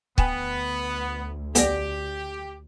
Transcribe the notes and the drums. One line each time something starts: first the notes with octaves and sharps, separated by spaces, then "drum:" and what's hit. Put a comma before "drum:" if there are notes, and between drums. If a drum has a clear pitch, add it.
D2 B3 G5 G#5, drum: kick
B1 B2 G4 D5 G#5, drum: hi-hat